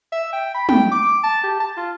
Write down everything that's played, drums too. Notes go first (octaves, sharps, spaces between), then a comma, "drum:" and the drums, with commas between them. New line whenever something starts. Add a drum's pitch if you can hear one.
E5
G5
B5
G5, drum: tom
D6
A5
G4
A5
F4